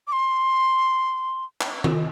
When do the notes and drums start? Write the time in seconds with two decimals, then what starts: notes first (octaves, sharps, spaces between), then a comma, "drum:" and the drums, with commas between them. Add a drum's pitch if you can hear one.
0.08 D6
0.12 C6
1.61 drum: clap
1.84 drum: tom D#3